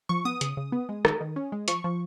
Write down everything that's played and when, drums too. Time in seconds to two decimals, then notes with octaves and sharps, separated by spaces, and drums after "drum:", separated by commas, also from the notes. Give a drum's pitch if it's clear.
0.09 F3 C#6
0.25 B3 D#6
0.41 C#3, drum: hi-hat
0.57 C#3
0.72 B3
0.89 G#3
1.05 D#3, drum: rim click
1.21 D#3
1.36 C#4
1.52 G#3
1.68 F3 C#6, drum: hi-hat
1.84 F3